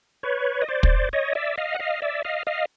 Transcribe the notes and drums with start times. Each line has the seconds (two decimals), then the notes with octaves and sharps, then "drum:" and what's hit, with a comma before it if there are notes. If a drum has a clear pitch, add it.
0.23 B4 C#5
0.62 D#5
0.68 C5 D5
0.83 drum: kick
1.13 C#5 D#5
1.35 D5 E5
1.58 D#5 F5
1.75 F#5
1.79 D#5 F5
2.02 D5 E5
2.25 D#5 F5
2.47 D#5 F5